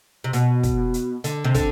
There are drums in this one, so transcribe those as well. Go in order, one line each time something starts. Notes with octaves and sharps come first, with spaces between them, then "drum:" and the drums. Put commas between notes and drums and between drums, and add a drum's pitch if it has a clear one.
C3
B2, drum: hi-hat
drum: kick, hi-hat
drum: hi-hat
D3, drum: hi-hat
C3
D3, drum: kick, hi-hat